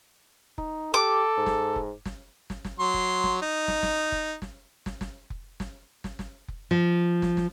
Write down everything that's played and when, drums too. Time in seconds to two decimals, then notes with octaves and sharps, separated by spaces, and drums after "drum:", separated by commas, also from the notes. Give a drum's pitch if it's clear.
0.58 D#4, drum: kick F1
0.94 G4 A4 D6
1.37 G#2
1.46 drum: snare
1.76 drum: kick F1
2.05 drum: snare
2.50 drum: snare
2.64 drum: snare
2.79 F#3 C6
2.94 drum: kick F1
3.24 drum: snare
3.42 D#4
3.68 drum: snare
3.83 drum: snare
4.12 drum: kick F1
4.42 drum: snare
4.86 drum: snare
5.01 drum: snare
5.30 drum: kick F1
5.60 drum: snare
6.04 drum: snare
6.19 drum: snare
6.48 drum: kick F1
6.71 F3
7.22 drum: snare
7.37 drum: snare